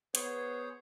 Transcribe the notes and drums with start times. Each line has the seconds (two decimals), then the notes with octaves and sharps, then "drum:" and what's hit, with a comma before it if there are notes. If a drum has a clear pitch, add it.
0.15 B3 G#4 C5 C#5, drum: hi-hat